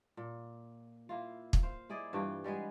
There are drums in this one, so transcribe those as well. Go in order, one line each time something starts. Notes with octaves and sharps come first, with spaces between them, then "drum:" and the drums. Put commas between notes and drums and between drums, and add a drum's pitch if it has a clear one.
A#2
A#3 E4 F4
drum: kick
C5 F5
E4 G#4 D5 D#5
G2 E3 F4 G5
G3 G#3 B3 G#4